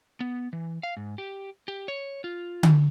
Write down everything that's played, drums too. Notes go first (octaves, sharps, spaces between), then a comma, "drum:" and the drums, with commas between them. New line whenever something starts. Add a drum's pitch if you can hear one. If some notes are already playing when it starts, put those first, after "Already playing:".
B3
E3
F5
G#2
G4
G4
C#5
F4
drum: tom D3